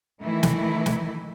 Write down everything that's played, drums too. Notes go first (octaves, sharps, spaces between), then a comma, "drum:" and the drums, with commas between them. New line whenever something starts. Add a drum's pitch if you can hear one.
D#3 E3 A3 E4
drum: snare
drum: snare